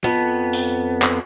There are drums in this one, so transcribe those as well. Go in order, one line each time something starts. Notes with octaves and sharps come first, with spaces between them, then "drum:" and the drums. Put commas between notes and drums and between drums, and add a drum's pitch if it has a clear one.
F2 B3
drum: open hi-hat
drum: clap